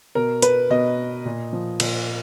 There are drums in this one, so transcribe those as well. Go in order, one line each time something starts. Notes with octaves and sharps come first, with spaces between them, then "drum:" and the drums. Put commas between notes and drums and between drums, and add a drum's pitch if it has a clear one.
B2 A#4
B4, drum: hi-hat
B2 D#5
A#2
F3
A#2, drum: cymbal